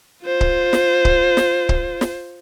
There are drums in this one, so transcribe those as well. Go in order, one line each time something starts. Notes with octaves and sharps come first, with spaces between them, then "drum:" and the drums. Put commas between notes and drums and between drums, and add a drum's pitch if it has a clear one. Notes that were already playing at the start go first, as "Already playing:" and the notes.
F4 C5
drum: kick C#1
drum: snare
drum: kick C#1
drum: snare
drum: kick C#1
drum: snare